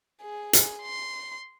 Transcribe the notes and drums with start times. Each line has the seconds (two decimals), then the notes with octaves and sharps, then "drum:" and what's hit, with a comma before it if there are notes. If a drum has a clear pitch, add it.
0.21 G#4
0.53 drum: hi-hat
0.83 C6